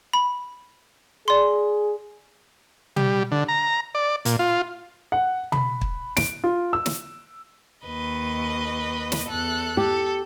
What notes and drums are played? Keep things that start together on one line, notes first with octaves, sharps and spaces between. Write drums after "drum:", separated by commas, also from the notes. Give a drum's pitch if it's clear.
B5
G#4 D5 C6
G3, drum: tom
D3
A#5
D5
A#2, drum: hi-hat
F4
F#5
B5, drum: tom
drum: kick
D7, drum: snare
F4
E6
drum: snare
D#2 B4 D#5
drum: snare
E2 A4 F#6
G4 A4